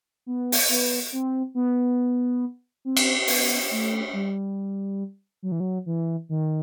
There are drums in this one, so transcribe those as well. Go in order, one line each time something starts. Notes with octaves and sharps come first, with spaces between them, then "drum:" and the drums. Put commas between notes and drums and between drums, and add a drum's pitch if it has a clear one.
B3
drum: open hi-hat
B3
C4
B3
C4
drum: cymbal
B3, drum: open hi-hat
A3
G3
F#3
E3
F#3
E3
D#3